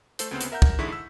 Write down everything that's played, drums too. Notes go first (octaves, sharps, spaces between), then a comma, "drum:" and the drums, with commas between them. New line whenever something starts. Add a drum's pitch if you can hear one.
A3 A4 C5, drum: hi-hat
D2 C#3 B3 C4 C5
drum: hi-hat
A#4 E5 F#5 A#5 G6
drum: kick
G#2 D3 E4 G#4 C#6 B6
E6